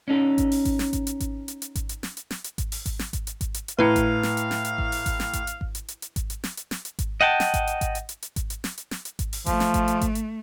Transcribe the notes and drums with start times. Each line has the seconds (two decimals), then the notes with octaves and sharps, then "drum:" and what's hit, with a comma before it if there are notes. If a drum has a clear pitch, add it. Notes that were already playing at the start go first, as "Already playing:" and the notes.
0.08 C#4 D#4 A4
0.38 drum: kick G#1, hi-hat
0.52 drum: open hi-hat
0.65 drum: kick G#1, hi-hat
0.79 drum: snare
0.93 drum: kick G#1, hi-hat
1.07 drum: hi-hat
1.20 drum: kick G#1, hi-hat
1.48 drum: hi-hat
1.62 drum: hi-hat
1.75 drum: kick G#1, hi-hat
1.89 drum: hi-hat
2.03 drum: snare
2.17 drum: hi-hat
2.31 drum: snare
2.44 drum: hi-hat
2.58 drum: kick G#1, hi-hat
2.72 drum: open hi-hat
2.86 drum: kick G#1, hi-hat
2.99 drum: snare
3.13 drum: kick G#1, hi-hat
3.27 drum: hi-hat
3.41 drum: kick G#1, hi-hat
3.54 drum: hi-hat
3.68 drum: hi-hat
3.79 A2 E4 B4 F5 A#5 C#7
3.96 drum: kick G#1, hi-hat
4.23 drum: snare
4.37 drum: hi-hat
4.51 drum: snare
4.65 drum: hi-hat
4.78 drum: kick G#1
4.92 drum: open hi-hat
5.06 drum: kick G#1, hi-hat
5.20 drum: snare
5.33 drum: kick G#1, hi-hat
5.47 drum: hi-hat
5.61 drum: kick G#1
5.75 drum: hi-hat
5.88 drum: hi-hat
6.02 drum: hi-hat
6.16 drum: kick G#1, hi-hat
6.30 drum: hi-hat
6.44 drum: snare
6.57 drum: hi-hat
6.71 drum: snare
6.85 drum: hi-hat
6.99 drum: kick G#1, hi-hat
7.21 D#5 F#5 G5 A5
7.40 drum: snare
7.54 drum: kick G#1, hi-hat
7.67 drum: hi-hat
7.81 drum: kick G#1, hi-hat
7.95 drum: hi-hat
8.09 drum: hi-hat
8.22 drum: hi-hat
8.36 drum: kick G#1, hi-hat
8.50 drum: hi-hat
8.64 drum: snare
8.78 drum: hi-hat
8.91 drum: snare
9.05 drum: hi-hat
9.19 drum: kick G#1, hi-hat
9.33 drum: open hi-hat
9.46 F3 A3, drum: kick G#1, hi-hat
9.60 drum: snare
9.74 drum: kick G#1, hi-hat
9.88 drum: hi-hat
10.01 drum: kick G#1, hi-hat
10.15 drum: hi-hat